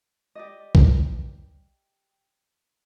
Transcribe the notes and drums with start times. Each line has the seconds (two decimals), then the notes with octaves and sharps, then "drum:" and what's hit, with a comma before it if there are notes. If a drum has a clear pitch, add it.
0.35 G4 D5 D#5
0.75 drum: kick